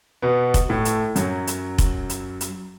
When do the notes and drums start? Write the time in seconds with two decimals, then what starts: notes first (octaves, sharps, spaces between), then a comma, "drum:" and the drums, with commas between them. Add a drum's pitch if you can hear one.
0.22 B2 B3
0.54 drum: kick F1, hi-hat
0.69 A2 A3
0.85 drum: hi-hat
1.16 F#2 F#3, drum: hi-hat
1.47 drum: hi-hat
1.78 drum: kick F1, hi-hat
2.10 drum: hi-hat
2.41 drum: hi-hat